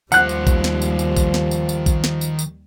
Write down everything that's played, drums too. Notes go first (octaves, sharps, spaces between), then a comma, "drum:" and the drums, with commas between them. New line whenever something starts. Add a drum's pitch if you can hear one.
D#2 D#3 F3 G3 C5 F#5 F#6, drum: tambourine
drum: tambourine
drum: kick A#1, tambourine
drum: snare
drum: tambourine
drum: tambourine
drum: kick A#1, tambourine
drum: snare
drum: tambourine
drum: tambourine
drum: kick A#1, tambourine
drum: snare
drum: tambourine
drum: tambourine